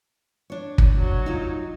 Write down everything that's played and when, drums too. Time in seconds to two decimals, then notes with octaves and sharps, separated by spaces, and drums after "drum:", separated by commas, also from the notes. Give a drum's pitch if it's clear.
0.50 D4 C#5
0.78 drum: kick
0.97 F#3
1.26 D#4 F4